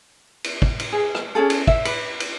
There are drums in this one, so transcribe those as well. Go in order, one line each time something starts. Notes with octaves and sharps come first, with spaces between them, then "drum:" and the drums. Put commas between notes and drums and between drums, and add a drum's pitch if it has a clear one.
drum: cymbal
drum: kick
drum: cymbal
G#4
drum: rim click
C#4 D4 G#4 A4
drum: cymbal
E5, drum: kick
B4, drum: cymbal
drum: cymbal